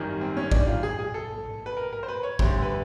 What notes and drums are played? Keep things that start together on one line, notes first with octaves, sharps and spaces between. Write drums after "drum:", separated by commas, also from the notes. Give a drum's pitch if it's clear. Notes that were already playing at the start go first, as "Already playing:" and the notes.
Already playing: G#1 F#2 D#3 G3
C4
C#4
D4, drum: kick
F4
G#4
G#4
A4
B4
A#4
A#4
C5
B4
C#5
D2 D3 G3 C5, drum: kick
B4